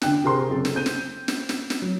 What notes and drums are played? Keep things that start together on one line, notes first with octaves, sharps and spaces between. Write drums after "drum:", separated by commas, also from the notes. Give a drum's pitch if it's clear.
D3 D4 G5 F#6, drum: snare
C3 G#4 A#4 C5 C6
F#1 C#3 C4 A4
drum: snare
C4 G6 D#7
drum: snare
drum: snare
drum: snare
drum: snare
F#3